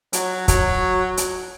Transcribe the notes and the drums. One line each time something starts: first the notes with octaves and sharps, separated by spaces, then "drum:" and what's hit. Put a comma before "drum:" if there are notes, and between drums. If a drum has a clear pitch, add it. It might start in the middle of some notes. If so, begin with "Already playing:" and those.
F#3, drum: hi-hat
F#3, drum: kick, hi-hat
drum: hi-hat